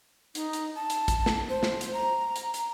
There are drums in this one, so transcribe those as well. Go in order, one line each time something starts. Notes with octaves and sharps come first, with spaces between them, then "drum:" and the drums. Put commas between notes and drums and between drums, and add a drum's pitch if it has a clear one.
D#4, drum: hi-hat
drum: hi-hat
A5
drum: hi-hat
drum: kick, hi-hat
drum: snare
C5
drum: snare
drum: hi-hat
A#5
drum: hi-hat
drum: hi-hat